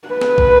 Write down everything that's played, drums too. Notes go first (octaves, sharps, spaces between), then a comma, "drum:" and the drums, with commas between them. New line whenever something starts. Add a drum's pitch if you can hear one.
B4
drum: snare
drum: kick